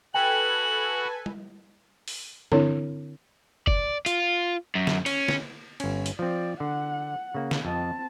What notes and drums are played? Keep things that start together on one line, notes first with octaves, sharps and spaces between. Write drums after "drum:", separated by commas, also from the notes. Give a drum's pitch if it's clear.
F#4 A4 B4 G5 G#5 F#7
drum: tom G3
drum: open hi-hat
D3 C4 D4 E4 C#5, drum: tom
D5, drum: kick F#1
F4, drum: hi-hat
F#2
drum: snare
C#4, drum: cymbal
drum: snare
G1 C#4, drum: cymbal
drum: hi-hat
F3 C4 D5
D3 F#5
C#3 A#3
drum: snare
F2 C4 D#5 A5